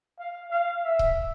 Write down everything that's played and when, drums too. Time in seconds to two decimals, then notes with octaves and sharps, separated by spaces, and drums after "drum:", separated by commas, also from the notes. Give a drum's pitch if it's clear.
0.20 F5
0.51 F5
0.84 E5
0.99 drum: kick C#1